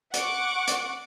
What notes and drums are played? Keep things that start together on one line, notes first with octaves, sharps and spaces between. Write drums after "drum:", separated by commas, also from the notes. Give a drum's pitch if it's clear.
F#5 C#6 D6, drum: hi-hat
drum: hi-hat